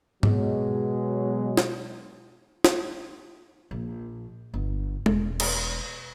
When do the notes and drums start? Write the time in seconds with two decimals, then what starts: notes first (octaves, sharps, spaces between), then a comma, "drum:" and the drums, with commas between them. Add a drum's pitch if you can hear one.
0.23 B2 F#3 G#3, drum: tom G#2
1.57 drum: snare
2.64 drum: snare
3.71 A#1
4.54 G1
5.06 E1, drum: tom
5.40 drum: cymbal